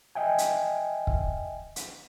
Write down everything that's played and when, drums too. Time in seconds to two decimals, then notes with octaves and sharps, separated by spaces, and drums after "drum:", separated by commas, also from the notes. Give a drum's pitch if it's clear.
0.15 D#5 E5 G5 G#5
0.38 drum: hi-hat
1.07 drum: kick
1.76 drum: hi-hat